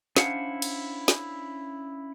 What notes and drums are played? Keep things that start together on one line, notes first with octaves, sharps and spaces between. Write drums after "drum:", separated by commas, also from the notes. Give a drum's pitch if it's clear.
C#4 D4 E4 C5 F5 F#5, drum: snare
drum: cymbal
drum: snare